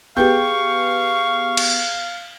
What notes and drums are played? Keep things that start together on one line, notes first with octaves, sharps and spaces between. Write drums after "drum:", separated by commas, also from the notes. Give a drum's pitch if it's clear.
B3 G4 G#4 F5 G5 C#6 G6
drum: cymbal